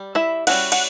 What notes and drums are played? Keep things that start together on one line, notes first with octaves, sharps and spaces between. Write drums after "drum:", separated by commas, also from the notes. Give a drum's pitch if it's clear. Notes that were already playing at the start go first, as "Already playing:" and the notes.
Already playing: G3
E4 E5
G3 C#4 E4 F#4 F#5, drum: cymbal
F#5, drum: cymbal